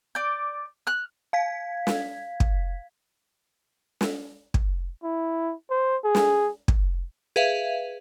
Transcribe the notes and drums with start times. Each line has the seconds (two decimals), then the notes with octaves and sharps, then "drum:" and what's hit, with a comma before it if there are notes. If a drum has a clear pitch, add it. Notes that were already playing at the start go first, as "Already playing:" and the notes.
0.15 D5 G6
0.87 F6 F#6
1.33 F5 G#6 B6
1.87 drum: snare
2.40 drum: kick
4.01 drum: snare
4.54 drum: kick
5.03 E4
5.70 C5
6.04 G#4
6.15 drum: snare
6.68 drum: kick
7.36 G#4 B4 E5 F5